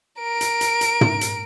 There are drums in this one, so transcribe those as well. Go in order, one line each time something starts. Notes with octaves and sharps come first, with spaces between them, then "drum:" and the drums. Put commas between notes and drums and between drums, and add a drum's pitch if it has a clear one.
A#4 D7
drum: hi-hat
drum: hi-hat
drum: hi-hat
drum: tom
drum: hi-hat